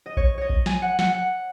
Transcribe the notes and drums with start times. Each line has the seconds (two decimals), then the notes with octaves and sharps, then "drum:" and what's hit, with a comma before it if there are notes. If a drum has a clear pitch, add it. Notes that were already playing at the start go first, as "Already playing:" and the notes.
0.06 D#5
0.17 C#5, drum: kick A#1
0.38 C#5 D#5
0.50 drum: kick A#1
0.66 G#5, drum: snare
0.82 F#5
0.99 F#5, drum: snare
1.14 F#5